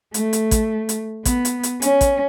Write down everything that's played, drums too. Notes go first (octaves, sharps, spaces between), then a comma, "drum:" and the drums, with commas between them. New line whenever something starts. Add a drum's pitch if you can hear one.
A3, drum: hi-hat
drum: hi-hat
drum: kick, hi-hat
drum: hi-hat
B3, drum: kick, hi-hat
drum: hi-hat
drum: hi-hat
C#4, drum: hi-hat
drum: kick, hi-hat